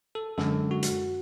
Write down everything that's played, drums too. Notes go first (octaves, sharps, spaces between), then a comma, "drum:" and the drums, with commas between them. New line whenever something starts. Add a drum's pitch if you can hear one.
A4
F#2 D3 G#3 A4, drum: snare
F#4
drum: hi-hat